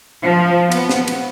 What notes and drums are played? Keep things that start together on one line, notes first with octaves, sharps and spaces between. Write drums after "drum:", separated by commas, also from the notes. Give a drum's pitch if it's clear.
F3
B3, drum: cymbal
drum: snare
drum: cymbal